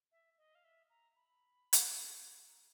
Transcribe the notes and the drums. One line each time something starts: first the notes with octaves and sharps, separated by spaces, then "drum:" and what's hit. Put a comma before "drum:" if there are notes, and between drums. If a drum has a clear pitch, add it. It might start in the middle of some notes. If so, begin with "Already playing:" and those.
E5
D#5
F5
E5
A#5
B5
drum: hi-hat
A#5